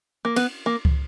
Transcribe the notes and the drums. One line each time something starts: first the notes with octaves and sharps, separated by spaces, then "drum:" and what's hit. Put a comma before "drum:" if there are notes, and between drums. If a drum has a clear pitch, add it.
A#3
B3, drum: cymbal
A#3
drum: kick